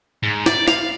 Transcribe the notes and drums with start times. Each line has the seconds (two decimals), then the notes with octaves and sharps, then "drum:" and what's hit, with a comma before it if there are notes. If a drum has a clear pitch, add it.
0.23 G#2
0.46 D5, drum: snare
0.68 F5, drum: snare